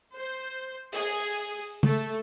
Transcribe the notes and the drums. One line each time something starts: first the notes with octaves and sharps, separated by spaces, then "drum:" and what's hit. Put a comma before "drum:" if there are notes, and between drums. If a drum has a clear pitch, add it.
C5
G#4, drum: open hi-hat
A3, drum: tom C#3